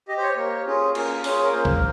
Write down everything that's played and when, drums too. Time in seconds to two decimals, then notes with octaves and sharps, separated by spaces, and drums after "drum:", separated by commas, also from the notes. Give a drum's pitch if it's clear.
0.08 G4 D#5
0.18 C5
0.23 C#5
0.37 A#3
0.67 C#4 F4 G#4
0.95 A#3, drum: cymbal
1.24 C#4 F4 G#4, drum: open hi-hat
1.43 A#4
1.52 A#3 C5
1.65 drum: kick A#1